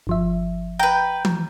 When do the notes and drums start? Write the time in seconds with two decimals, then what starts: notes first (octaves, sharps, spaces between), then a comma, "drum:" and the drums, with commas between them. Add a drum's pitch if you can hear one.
0.07 G1 F3 E5
0.79 B4 G5 A#5 G6
1.25 drum: tom E3